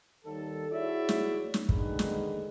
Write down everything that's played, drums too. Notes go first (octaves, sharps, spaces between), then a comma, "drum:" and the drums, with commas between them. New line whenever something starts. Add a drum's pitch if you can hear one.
D#2 D#3 G3 A4
E4 F#4 G#4 C#5 D5 E5
drum: snare
drum: snare
D3 D#3 G#3 D#4 B4, drum: kick
drum: snare